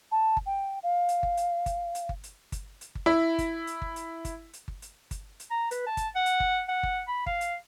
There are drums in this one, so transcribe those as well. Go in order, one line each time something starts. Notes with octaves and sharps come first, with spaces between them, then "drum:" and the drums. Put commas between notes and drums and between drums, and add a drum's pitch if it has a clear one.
A5
drum: kick G1
G5
F5
drum: hi-hat
drum: kick G1
drum: hi-hat
drum: kick G1, hi-hat
drum: hi-hat
drum: kick G1
drum: hi-hat
drum: kick G1, hi-hat
drum: hi-hat
drum: kick G1
E4
drum: kick G1, hi-hat
drum: hi-hat
drum: kick G1
drum: hi-hat
drum: kick G1, hi-hat
drum: hi-hat
drum: kick G1
drum: hi-hat
drum: kick G1, hi-hat
drum: hi-hat
A#5
B4, drum: hi-hat
A5
drum: kick G1, hi-hat
F#5
drum: hi-hat
drum: kick G1
F#5
drum: kick G1
B5
F5, drum: kick G1
drum: hi-hat